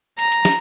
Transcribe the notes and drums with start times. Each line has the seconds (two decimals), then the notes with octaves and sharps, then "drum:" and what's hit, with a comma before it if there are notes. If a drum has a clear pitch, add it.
0.19 A#5, drum: hi-hat
0.32 drum: hi-hat
0.45 drum: snare